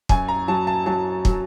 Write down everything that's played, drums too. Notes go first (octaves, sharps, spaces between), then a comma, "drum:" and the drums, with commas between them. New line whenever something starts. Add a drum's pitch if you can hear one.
F#2 G#5, drum: kick
A#5
F#3 A5
A5
F#3 A5
F#3, drum: kick